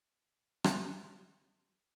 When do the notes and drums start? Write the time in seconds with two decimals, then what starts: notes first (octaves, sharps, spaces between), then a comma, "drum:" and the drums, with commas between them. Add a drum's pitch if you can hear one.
0.64 drum: rim click
1.03 G#4 A4 C5 D5 D#5 F#5
1.34 B4 C5